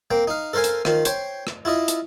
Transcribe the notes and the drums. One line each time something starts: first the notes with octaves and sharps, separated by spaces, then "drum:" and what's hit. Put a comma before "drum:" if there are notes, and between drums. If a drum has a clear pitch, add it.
A#3 C4 G5
D#4 F5
A4 A#4 C5 F5 G#5
drum: hi-hat
D#3 F4 C5, drum: rim click
C5 C#5 G5 C6, drum: hi-hat
drum: rim click
E4 F4 D#5 E5
drum: hi-hat